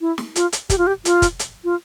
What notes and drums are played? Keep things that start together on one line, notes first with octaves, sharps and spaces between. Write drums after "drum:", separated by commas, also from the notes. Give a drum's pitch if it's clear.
E4
drum: snare
F4, drum: hi-hat
drum: hi-hat
G4, drum: kick, hi-hat
F4
G4
F4, drum: hi-hat
drum: kick, hi-hat
drum: hi-hat
F4